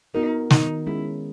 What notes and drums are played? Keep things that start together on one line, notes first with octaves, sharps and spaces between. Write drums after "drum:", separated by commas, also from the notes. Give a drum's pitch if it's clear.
B3 D#4 F#4 A#4
D#3 D#4, drum: snare
G#3 C#4 E4 G#4